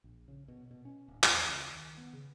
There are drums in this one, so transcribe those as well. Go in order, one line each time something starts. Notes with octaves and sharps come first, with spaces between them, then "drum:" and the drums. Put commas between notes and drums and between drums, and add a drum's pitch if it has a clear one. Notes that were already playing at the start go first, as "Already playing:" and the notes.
A#1
C#3
B2
B2
C#4
D1
E2, drum: clap
C#2
D#3
B3
C#3